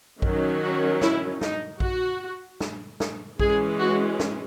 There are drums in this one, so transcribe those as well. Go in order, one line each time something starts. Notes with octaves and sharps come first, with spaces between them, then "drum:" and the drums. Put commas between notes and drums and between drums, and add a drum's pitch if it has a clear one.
D#3 F#3 C#4, drum: kick A#1
F#4
E4, drum: snare
D#4, drum: snare
F#4, drum: kick A#1
drum: snare
drum: snare
E3 G#3 C#4 G#4, drum: kick A#1
F#4
drum: snare